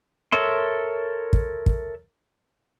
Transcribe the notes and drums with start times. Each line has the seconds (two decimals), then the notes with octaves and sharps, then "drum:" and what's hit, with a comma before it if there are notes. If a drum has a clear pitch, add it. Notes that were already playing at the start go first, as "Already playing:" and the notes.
0.32 A4 A#4 C#5 E5 C6
1.33 drum: kick
1.66 drum: kick